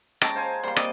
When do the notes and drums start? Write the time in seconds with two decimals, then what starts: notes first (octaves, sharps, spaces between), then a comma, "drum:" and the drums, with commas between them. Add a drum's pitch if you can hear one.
0.22 G#3 C#4 G5 A5 A#5, drum: rim click
0.35 C5 F5 G#5
0.63 G3 A#3 C5 C6
0.76 C3 D5 D#5, drum: rim click